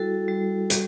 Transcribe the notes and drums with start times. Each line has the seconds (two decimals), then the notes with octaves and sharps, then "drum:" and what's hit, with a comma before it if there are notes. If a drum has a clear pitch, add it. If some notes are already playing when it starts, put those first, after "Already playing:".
Already playing: G3 E4 F#4 A4
0.28 G3
0.70 G3, drum: hi-hat